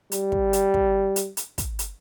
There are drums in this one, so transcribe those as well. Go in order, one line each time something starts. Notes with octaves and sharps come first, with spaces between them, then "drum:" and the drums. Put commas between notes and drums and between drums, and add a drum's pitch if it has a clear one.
G3, drum: hi-hat
drum: kick
drum: hi-hat
drum: kick
drum: hi-hat
drum: hi-hat
drum: kick, hi-hat
drum: hi-hat